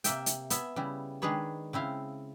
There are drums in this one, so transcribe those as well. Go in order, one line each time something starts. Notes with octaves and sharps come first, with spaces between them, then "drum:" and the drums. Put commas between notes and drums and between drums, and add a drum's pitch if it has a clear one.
C3 A#3 E5 G5, drum: hi-hat
drum: hi-hat
B3 E5 G#5, drum: hi-hat
C#3 G3 E4
D#3 G#3 D4 G#4 B4 C#5
C#3 C4 E4 F5